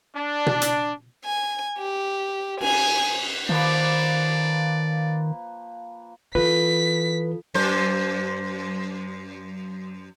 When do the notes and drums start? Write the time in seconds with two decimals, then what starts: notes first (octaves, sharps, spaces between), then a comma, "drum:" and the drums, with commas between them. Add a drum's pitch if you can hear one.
0.16 D4
0.47 drum: tom B2
0.62 drum: hi-hat
1.25 G#5
1.79 G4
2.61 G#5, drum: cymbal
3.49 D#3 F3 A#3 B4 D5
6.35 E3 F4 A4 B4 B6
7.54 F#2 C5